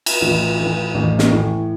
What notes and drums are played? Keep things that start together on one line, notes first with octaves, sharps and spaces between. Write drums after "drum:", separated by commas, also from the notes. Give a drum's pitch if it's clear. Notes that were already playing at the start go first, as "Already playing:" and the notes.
drum: cymbal
A1 F4
A2 E3
A1
drum: snare
A2 E3